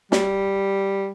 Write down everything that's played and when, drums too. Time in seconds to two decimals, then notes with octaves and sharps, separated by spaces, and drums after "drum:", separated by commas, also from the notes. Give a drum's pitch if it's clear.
0.12 G3, drum: snare